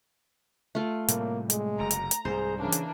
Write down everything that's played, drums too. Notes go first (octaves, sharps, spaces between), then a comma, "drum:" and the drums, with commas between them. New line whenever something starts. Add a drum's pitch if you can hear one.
A3 F4
A2 C3 G3 A#3, drum: hi-hat
G#3, drum: hi-hat
F#1 C3 A#5
drum: hi-hat
drum: hi-hat
C2 G#2 G#4 C5
C#3 E3 A#3 D4
drum: hi-hat